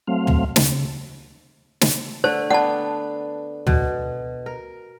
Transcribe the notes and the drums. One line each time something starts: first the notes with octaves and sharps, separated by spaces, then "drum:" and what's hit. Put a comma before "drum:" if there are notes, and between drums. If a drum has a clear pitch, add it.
F#3 A3 C4 F5
drum: tom
C#3, drum: snare
drum: snare
D3 A3 C5
B3 D4 F#5 A5
B2, drum: tom
A#4